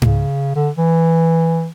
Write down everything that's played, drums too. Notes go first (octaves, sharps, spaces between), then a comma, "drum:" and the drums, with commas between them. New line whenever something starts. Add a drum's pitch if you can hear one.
C#3, drum: tom G#2
D3
E3